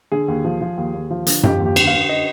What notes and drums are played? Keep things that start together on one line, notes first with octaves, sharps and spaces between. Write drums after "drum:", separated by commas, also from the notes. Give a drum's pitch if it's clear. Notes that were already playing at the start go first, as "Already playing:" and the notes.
D3 G#4
D#2
F3
F3
D#2
D#2
F3
D3, drum: hi-hat
F3 G4, drum: tom F#2
D#2
G4
D3, drum: cymbal
F5
D3
D#5